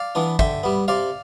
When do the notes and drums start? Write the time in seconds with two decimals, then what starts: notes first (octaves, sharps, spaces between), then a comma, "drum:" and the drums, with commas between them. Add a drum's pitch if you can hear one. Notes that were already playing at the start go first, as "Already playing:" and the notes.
Already playing: D5 F5
0.15 E3 B3 D4
0.39 D3 E5 G5, drum: kick
0.63 G3 B3
0.88 C3 D5 F5